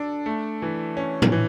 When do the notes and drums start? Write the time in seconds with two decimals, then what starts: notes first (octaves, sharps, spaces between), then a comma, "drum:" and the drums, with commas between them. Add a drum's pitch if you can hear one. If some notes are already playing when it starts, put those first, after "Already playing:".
Already playing: D4 A4
0.26 A3
0.62 E3
0.97 C#4
1.22 drum: tom A2
1.32 E3